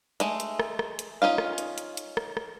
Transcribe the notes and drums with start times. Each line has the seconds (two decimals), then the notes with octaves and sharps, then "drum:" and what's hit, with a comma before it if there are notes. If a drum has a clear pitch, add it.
0.20 G#3 A3, drum: hi-hat
0.40 drum: hi-hat
0.59 drum: rim click
0.79 drum: rim click
0.99 drum: hi-hat
1.22 C#4 D#4 F4 F5
1.38 drum: rim click
1.58 drum: hi-hat
1.78 drum: hi-hat
1.97 drum: hi-hat
2.17 drum: rim click
2.37 drum: rim click